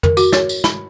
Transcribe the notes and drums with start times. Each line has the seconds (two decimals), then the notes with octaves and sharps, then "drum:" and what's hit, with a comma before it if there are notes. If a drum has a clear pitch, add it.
0.03 A#4, drum: tom
0.17 F#4, drum: tambourine
0.33 C#5, drum: snare
0.49 drum: tambourine
0.64 B5, drum: snare